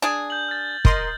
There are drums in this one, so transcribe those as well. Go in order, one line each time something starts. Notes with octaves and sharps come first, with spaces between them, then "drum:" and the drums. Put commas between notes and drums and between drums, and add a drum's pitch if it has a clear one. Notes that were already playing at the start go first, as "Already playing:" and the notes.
D4 G#4
G6 F#7
F6 A6
A#4 D#5 C6, drum: kick